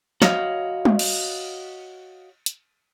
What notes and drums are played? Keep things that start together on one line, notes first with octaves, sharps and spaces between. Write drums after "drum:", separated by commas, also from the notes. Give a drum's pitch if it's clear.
F#4 C#5 D#5 F5, drum: snare
drum: tom G3
drum: cymbal
drum: hi-hat